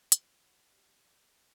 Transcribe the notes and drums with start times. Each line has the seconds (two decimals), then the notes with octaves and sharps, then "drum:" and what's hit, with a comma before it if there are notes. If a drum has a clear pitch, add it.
0.12 F3, drum: hi-hat
0.42 F#3
0.72 G3